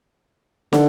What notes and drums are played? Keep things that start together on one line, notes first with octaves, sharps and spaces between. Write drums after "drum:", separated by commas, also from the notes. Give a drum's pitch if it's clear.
D3, drum: snare